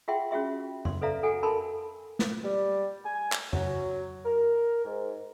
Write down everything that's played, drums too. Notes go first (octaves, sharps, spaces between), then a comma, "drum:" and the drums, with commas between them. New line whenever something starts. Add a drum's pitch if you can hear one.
F4 G#4 E5 F#5 G5 C6
C#4 F4 F#4 G#4 E5 C6
C6, drum: tom F2
A4 B4 D5 E5 F5 A#5
F#4 A4 F#5 G#5
D4 A4 A#4 A5 B5 C6
drum: snare
G3
G#5
drum: clap
F#3, drum: tom F2
A#4
G#2